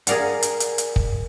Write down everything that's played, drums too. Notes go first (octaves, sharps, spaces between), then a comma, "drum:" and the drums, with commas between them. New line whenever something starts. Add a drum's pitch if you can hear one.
G#4 A#4 D5 F5 F#5, drum: hi-hat
drum: hi-hat
drum: hi-hat
drum: hi-hat
drum: kick